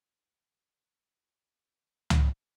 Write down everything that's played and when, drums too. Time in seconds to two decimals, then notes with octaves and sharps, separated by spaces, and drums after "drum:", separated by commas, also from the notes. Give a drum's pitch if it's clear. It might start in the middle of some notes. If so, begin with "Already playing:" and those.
0.16 G#2 C5 B5 G#6 C7
2.10 drum: tom C#2